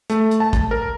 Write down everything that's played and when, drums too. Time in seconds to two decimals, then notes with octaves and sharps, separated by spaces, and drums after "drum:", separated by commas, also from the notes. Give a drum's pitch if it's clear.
0.10 A3, drum: hi-hat
0.31 drum: hi-hat
0.40 A5
0.53 drum: kick, hi-hat
0.71 A#4